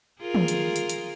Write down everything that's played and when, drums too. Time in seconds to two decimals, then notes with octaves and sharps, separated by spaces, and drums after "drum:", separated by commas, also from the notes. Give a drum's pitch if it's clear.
0.21 F4 G#4 A#4
0.35 drum: tom
0.48 drum: hi-hat
0.76 drum: hi-hat
0.89 drum: hi-hat